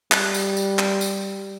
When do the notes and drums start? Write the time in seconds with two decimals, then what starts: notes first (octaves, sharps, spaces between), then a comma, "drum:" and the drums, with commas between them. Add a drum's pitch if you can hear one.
0.12 G3, drum: clap
0.34 drum: tambourine
0.57 drum: tambourine
0.79 drum: clap
1.01 drum: tambourine